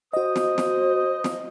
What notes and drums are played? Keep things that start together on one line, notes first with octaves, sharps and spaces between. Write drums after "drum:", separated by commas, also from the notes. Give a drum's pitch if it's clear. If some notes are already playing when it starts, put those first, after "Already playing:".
F#4 C5 D#5 D#6
drum: snare
drum: snare
drum: snare